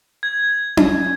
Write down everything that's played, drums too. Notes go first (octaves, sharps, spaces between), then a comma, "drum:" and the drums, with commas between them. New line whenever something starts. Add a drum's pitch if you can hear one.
G#6
drum: tom C#4